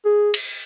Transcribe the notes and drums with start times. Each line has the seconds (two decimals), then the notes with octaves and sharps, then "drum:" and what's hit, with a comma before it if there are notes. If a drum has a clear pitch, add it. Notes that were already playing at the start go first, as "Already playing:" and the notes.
0.05 G#4
0.34 drum: cymbal